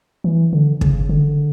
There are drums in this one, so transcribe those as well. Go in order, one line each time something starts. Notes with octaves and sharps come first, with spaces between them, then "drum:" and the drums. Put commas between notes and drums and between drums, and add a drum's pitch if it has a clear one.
E3
D3
C#3, drum: kick
D3